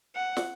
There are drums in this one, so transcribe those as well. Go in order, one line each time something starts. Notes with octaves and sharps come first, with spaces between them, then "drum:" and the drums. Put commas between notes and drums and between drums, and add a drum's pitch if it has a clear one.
F#5
drum: snare